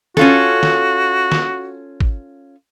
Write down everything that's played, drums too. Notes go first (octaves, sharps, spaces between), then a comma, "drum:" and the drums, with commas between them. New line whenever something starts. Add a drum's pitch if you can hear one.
C#4 F4 F#4 A4, drum: snare
drum: snare
drum: snare
drum: kick